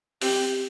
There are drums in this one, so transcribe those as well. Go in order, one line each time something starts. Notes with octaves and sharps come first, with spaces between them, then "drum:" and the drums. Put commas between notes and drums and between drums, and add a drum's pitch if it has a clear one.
C4 G4, drum: open hi-hat